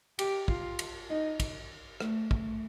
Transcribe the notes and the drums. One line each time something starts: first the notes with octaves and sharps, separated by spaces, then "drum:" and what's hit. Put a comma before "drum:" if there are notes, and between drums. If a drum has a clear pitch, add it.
G4, drum: cymbal
F4, drum: kick
drum: cymbal
D#4
drum: kick, cymbal
A3, drum: rim click
A3, drum: kick